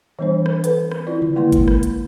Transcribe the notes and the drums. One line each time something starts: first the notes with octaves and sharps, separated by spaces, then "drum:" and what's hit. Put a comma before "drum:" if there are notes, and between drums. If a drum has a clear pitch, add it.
E3 G3 B3 D4 C5
drum: rim click
A4 B4, drum: hi-hat
drum: rim click
C4 E4 F4 D5
drum: tom C#3
D3 G#3 A#3 E4 C6
drum: kick G1, hi-hat
drum: rim click
drum: hi-hat